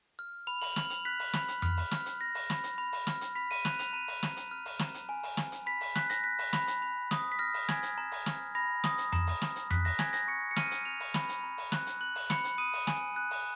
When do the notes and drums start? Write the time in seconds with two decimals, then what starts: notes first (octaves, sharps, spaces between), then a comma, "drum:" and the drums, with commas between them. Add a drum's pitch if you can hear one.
0.19 F6
0.47 B5 F7
0.62 F#7, drum: open hi-hat
0.76 F6 F#7, drum: snare
0.90 F7, drum: hi-hat
1.05 F#6 B6
1.19 drum: open hi-hat
1.33 B5, drum: snare
1.48 drum: hi-hat
1.62 F6, drum: tom F2
1.77 drum: open hi-hat
1.91 F6, drum: snare
2.06 drum: hi-hat
2.20 F6 A#6
2.35 drum: open hi-hat
2.50 B5, drum: snare
2.64 drum: hi-hat
2.78 B5
2.92 drum: open hi-hat
3.07 F6, drum: snare
3.21 drum: hi-hat
3.35 B5 B6
3.51 D#7, drum: open hi-hat
3.65 F#6 F7, drum: snare
3.79 F7, drum: hi-hat
3.93 A#5 D#7
4.08 drum: open hi-hat
4.23 A#5, drum: snare
4.37 drum: hi-hat
4.51 F6
4.65 drum: open hi-hat
4.79 A#5, drum: snare
4.94 drum: hi-hat
5.09 G#5
5.23 drum: open hi-hat
5.37 G#5, drum: snare
5.52 drum: hi-hat
5.66 B5 B6
5.81 B6, drum: open hi-hat
5.95 F#6 B6, drum: snare
6.10 A#6, drum: hi-hat
6.24 F#6 B6
6.39 drum: open hi-hat
6.53 B5, drum: snare
6.67 drum: hi-hat
6.82 B5
7.11 D#6, drum: snare
7.32 B6
7.39 F6 A#6
7.54 drum: open hi-hat
7.69 G#5 G#6, drum: snare
7.83 drum: hi-hat
7.98 A#5
8.12 drum: open hi-hat
8.26 F6, drum: snare
8.55 B5 A#6
8.84 D#6, drum: snare
8.98 drum: hi-hat
9.12 A#5, drum: tom F2
9.27 drum: open hi-hat
9.42 F6, drum: snare
9.56 drum: hi-hat
9.71 F#6 B6, drum: tom F2
9.85 A#6, drum: open hi-hat
9.99 G#5 G#6, drum: snare
10.13 A#6, drum: hi-hat
10.28 C#6 C#7
10.51 C#7
10.56 F6 D#7, drum: snare
10.71 drum: hi-hat
10.85 F6 F7
11.00 drum: open hi-hat
11.14 B5, drum: snare
11.29 drum: hi-hat
11.44 A#5
11.58 drum: open hi-hat
11.72 F#6, drum: snare
11.87 drum: hi-hat
12.01 F#6 F#7
12.15 drum: open hi-hat
12.30 B5 C#7, drum: snare
12.44 drum: hi-hat
12.58 D#6 D#7
12.73 drum: open hi-hat
12.87 G#5, drum: snare
13.16 F#6
13.31 drum: open hi-hat